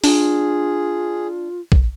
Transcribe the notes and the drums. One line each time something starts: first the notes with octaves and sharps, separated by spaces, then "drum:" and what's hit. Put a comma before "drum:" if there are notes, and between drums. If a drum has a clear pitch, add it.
D4 F4 G#4, drum: open hi-hat
drum: kick